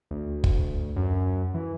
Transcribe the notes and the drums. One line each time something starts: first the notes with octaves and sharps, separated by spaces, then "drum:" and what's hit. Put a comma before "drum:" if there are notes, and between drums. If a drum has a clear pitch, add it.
D2
drum: kick
F#2
E3